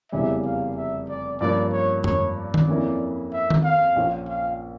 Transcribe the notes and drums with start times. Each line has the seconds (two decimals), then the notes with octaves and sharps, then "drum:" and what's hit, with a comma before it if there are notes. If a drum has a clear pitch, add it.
0.12 F1 E2 C#3 E3 G3 E5
0.45 F5
0.76 E5
1.09 D5
1.40 G2 F3 A#3 C#4 D5
1.72 C#5
2.04 C#5, drum: tom F2
2.36 D5
2.54 drum: tom D#3
2.68 F2 E3 A#3 C#4 E4
3.32 E5
3.50 drum: tom D#3
3.64 F5
3.96 A#1 A#2 F3 C#4 F4
4.28 F5